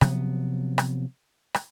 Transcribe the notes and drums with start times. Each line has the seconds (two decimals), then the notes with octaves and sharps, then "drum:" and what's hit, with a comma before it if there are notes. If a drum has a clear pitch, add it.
0.01 C3 F3 F#3 B3, drum: rim click
0.78 drum: rim click
1.54 drum: rim click